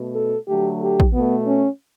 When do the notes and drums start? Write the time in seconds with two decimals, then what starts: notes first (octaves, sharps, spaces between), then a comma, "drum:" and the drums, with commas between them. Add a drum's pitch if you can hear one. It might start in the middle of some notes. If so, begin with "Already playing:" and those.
Already playing: B2 A3
0.14 A4
0.47 D3 F#3 A3 G4
0.81 G4
1.00 drum: kick
1.12 B2 A3 B3
1.45 C#4